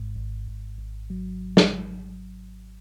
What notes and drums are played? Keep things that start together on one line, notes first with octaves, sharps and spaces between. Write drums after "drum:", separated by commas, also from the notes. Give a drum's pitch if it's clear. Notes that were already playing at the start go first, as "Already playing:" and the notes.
Already playing: G#1 G#2
G#1
G#1
G#1
F#3
drum: snare